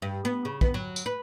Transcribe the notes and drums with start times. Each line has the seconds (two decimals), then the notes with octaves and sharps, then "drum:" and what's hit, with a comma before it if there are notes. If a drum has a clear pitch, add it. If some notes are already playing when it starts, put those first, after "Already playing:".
0.02 G2
0.25 B3
0.45 C#3
0.61 B3, drum: kick
0.74 F#3
0.96 drum: tambourine
1.06 B4